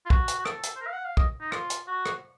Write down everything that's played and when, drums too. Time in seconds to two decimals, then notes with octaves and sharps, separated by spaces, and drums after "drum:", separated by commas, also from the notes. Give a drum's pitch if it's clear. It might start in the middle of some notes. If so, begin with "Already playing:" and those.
0.06 F4
0.10 F#4, drum: kick
0.28 drum: hi-hat
0.39 F#4
0.45 A4, drum: rim click
0.63 drum: hi-hat
0.76 C5
0.81 A#4
0.87 F5
0.93 F#5
1.05 F5
1.17 D#5, drum: kick
1.41 D#4
1.52 F4, drum: rim click
1.70 drum: hi-hat
1.88 F#4
2.06 drum: rim click